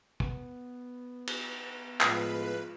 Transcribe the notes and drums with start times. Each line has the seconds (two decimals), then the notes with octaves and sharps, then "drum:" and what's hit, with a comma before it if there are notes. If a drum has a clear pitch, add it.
0.20 B3, drum: kick
1.27 drum: cymbal
2.01 A2 F3 G#3 F4 B4, drum: clap